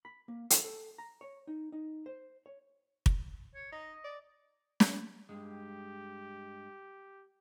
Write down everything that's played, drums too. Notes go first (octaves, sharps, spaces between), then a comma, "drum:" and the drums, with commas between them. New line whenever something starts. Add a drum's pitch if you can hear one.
B5
A#3
A4, drum: hi-hat
A4
A#5
C#5
D#4
D#4
C5
C#5
drum: kick
C#5
D#4 D#5
D5
drum: snare
G2 G#3 G4